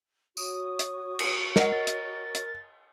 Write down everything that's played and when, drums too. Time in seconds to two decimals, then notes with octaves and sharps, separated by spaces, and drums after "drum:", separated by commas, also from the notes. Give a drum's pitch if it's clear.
0.37 F#4 C#5 C#6 D#6, drum: tambourine
0.79 drum: hi-hat
1.19 drum: cymbal
1.56 G#3 A#4 D#5 F#5, drum: snare
1.72 A6
1.87 drum: hi-hat
2.35 drum: hi-hat